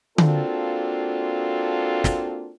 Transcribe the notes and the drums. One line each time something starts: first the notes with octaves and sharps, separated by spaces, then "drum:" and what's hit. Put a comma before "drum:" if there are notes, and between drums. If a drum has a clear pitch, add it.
A#3 C4 D4 F4 F#4 A4, drum: tom D3
drum: snare